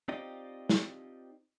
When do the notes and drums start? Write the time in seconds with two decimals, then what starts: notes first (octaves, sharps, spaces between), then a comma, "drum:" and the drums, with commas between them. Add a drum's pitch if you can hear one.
0.08 C4 D#4 F4 G4 D5 D#5
0.69 drum: snare